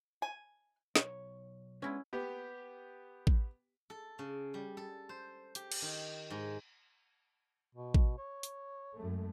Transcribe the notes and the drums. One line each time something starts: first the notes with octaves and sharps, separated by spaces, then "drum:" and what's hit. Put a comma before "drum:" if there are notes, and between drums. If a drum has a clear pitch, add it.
G#5
B1 C#5, drum: snare
G#3 B3 C#4 D4 E4
B3 G4
drum: kick A1
A4
C#3
G3
A4
C5
G4, drum: hi-hat
drum: cymbal
D#3
G#2
B2
drum: kick A1
C#5
drum: hi-hat
F#2 G#3 A3